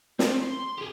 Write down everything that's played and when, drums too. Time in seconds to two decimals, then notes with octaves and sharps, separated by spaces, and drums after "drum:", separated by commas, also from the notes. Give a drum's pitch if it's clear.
0.19 C4, drum: snare
0.43 C6
0.78 G4 G#4